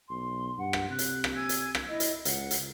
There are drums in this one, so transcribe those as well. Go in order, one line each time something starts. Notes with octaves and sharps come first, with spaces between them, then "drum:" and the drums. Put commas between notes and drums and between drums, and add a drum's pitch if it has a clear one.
B1 C6
G2 F#5
drum: rim click
C3 F#6
drum: hi-hat
drum: rim click
G#5 E6 G#6
drum: hi-hat
drum: rim click
E4 D#5
drum: hi-hat
C#2 F#5, drum: hi-hat
drum: hi-hat